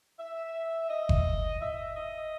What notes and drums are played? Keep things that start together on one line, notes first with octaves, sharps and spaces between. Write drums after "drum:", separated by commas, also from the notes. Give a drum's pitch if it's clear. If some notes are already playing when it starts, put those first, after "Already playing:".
E5
D#5
drum: kick F#1
E5
D#5